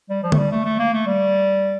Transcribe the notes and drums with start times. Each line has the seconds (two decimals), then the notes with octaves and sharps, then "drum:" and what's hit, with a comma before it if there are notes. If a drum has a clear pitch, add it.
0.10 G3
0.23 F3
0.32 A3, drum: tom D3
0.37 G3
0.51 A3
0.65 A3
0.79 A#3
0.93 A3
1.06 G3